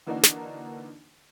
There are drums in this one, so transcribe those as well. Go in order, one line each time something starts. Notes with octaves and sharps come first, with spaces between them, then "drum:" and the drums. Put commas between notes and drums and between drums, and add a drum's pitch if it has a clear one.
D3 E3 A#3 D4 D#4 F#4
drum: snare